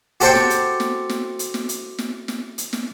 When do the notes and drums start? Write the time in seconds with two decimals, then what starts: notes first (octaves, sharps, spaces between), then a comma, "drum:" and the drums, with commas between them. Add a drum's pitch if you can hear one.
0.20 F#4 G4 A4 C5 G5 C#6, drum: hi-hat
0.35 drum: snare
0.50 drum: hi-hat
0.80 drum: snare
1.09 drum: snare
1.39 drum: hi-hat
1.54 drum: snare
1.69 drum: hi-hat
1.98 drum: snare
2.28 drum: snare
2.58 drum: hi-hat
2.73 drum: snare